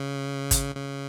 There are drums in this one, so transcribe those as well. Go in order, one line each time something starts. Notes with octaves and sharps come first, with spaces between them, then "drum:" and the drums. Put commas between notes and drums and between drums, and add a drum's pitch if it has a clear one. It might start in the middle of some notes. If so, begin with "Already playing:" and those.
Already playing: C#3
drum: kick, hi-hat
C#3